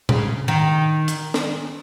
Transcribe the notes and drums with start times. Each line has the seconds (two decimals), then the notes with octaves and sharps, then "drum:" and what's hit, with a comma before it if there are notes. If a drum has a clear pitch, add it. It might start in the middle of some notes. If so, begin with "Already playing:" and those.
0.09 C#3, drum: tom A#2
0.48 D#3
1.08 drum: hi-hat
1.34 drum: snare